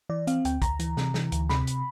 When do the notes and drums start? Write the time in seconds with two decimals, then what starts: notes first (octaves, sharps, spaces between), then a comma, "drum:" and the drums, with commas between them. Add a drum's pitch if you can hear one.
0.09 E3 D5
0.27 C4 F5, drum: hi-hat
0.45 D2 G5, drum: hi-hat
0.62 D2 A#5, drum: kick, hi-hat
0.80 E3, drum: hi-hat
0.97 C3, drum: snare
1.14 E3, drum: snare
1.32 D2, drum: hi-hat
1.49 C3 B5, drum: snare
1.67 drum: hi-hat